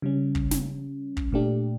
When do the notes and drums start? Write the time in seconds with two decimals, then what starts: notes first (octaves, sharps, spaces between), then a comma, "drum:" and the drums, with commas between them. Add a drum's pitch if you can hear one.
0.02 C#3 G3 C#4
0.35 drum: kick
0.51 drum: snare
1.17 drum: kick
1.32 A#2 A3 D4 G4